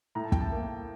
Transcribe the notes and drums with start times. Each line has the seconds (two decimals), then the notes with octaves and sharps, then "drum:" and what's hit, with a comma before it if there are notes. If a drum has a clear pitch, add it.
0.15 A2 A#5
0.24 A5
0.32 G5, drum: kick
0.40 A5
0.52 A#3